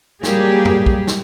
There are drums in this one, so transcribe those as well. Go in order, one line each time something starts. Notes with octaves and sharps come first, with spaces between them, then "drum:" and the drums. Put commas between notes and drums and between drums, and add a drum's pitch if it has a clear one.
F#3 G3 A#3 G4 G#4, drum: snare
drum: tom F2
drum: kick
drum: snare